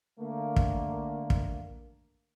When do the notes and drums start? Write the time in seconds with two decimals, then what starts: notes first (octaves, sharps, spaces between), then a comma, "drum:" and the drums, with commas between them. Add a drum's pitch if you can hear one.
0.20 D3 A3 A#3
0.56 drum: kick
1.30 drum: kick